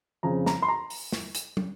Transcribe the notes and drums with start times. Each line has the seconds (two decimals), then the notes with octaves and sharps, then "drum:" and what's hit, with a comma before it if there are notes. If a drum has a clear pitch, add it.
0.23 F2 C#3 F3 A#5
0.46 A#5, drum: snare
0.62 C6
0.68 A#5
0.90 drum: open hi-hat
1.12 drum: snare
1.35 drum: hi-hat
1.57 drum: tom